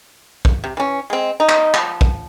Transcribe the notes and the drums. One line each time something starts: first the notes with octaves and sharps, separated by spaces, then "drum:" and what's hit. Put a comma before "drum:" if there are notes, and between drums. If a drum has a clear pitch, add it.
drum: kick
C3
E3 C#4
G#3 C4
D#4
drum: clap
F3, drum: clap
drum: kick